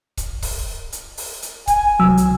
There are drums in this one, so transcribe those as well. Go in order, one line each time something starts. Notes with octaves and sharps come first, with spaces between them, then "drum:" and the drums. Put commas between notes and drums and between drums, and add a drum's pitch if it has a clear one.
drum: kick C#1, hi-hat
drum: kick C#1, open hi-hat
drum: hi-hat
drum: open hi-hat
drum: hi-hat
G#5, drum: kick C#1, hi-hat
C2 F#3 E6
drum: hi-hat